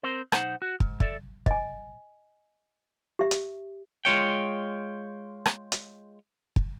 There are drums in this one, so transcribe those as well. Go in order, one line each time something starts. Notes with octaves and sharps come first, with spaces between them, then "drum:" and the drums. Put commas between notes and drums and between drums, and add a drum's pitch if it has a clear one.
C4 A#4 C5
B1 D#4 C5 F#5, drum: rim click
F#4
G#2, drum: kick
A4 D5 E5, drum: kick
D#5 G#5, drum: kick
G4 E5
drum: hi-hat
G#3 F4 C#5 G5
drum: rim click
drum: hi-hat
drum: kick